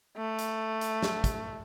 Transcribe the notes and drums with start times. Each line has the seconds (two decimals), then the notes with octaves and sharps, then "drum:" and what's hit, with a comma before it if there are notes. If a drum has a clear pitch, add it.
0.17 A3
0.38 drum: hi-hat
0.81 drum: hi-hat
1.03 drum: snare
1.24 drum: kick, hi-hat